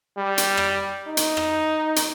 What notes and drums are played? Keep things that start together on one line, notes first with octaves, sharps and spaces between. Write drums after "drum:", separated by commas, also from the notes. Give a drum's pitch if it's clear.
G3
drum: hi-hat
drum: rim click
D#4
drum: hi-hat
drum: rim click
drum: hi-hat